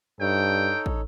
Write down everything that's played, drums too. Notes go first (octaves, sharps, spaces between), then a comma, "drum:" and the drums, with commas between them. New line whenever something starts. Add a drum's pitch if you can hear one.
G2 D#4 A4 C#5 G5
drum: kick